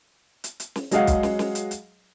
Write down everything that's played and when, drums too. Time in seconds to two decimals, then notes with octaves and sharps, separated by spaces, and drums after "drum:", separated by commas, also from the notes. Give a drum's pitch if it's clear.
0.44 drum: hi-hat
0.60 drum: hi-hat
0.76 drum: snare
0.91 F#3 G#3 G#4 D#5 F5 F#5, drum: hi-hat
1.07 drum: kick, hi-hat
1.23 drum: snare
1.39 drum: snare
1.55 drum: hi-hat
1.71 drum: hi-hat